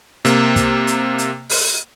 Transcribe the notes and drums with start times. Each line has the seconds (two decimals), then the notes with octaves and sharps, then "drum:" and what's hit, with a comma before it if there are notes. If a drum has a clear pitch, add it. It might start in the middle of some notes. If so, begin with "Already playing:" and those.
0.25 C3 A#3, drum: hi-hat
0.56 drum: kick, hi-hat
0.87 drum: hi-hat
1.18 drum: hi-hat
1.50 drum: open hi-hat